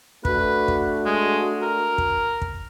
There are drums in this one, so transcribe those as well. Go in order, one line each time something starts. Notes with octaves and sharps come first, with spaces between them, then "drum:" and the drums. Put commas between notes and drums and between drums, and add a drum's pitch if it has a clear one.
A3 D4 F#4 B4, drum: kick
drum: kick
G#3
A#4
drum: kick
drum: kick